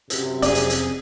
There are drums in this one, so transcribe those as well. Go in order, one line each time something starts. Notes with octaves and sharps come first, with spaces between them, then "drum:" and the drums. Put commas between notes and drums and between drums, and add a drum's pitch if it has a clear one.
F#2 C3, drum: hi-hat
F1 C4 C#4 G#4 D5, drum: hi-hat
drum: hi-hat
drum: hi-hat